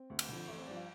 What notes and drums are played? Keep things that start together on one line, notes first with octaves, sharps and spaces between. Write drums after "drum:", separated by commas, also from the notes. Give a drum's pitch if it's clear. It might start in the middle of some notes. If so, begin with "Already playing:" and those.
Already playing: C4
D2
drum: cymbal
D3 F3
A1 A3
C4
G2 F3 D5
F5